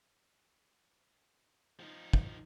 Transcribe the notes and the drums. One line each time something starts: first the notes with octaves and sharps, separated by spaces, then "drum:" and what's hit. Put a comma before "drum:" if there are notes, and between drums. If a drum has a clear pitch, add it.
F3 D#4
drum: kick